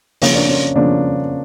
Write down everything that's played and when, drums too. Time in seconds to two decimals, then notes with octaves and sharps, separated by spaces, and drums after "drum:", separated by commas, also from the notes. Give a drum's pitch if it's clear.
0.22 C#3 F3 A#3 C#4, drum: open hi-hat
0.35 D4
0.49 C#4
0.76 C#3 F3 A#3 D4